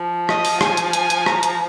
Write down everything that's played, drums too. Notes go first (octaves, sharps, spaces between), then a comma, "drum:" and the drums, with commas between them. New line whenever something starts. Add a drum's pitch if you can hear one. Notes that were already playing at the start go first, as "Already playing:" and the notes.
Already playing: F3
D#5, drum: rim click
drum: open hi-hat
G#5, drum: rim click
drum: hi-hat
G#5, drum: hi-hat
drum: hi-hat
A#5, drum: rim click
drum: hi-hat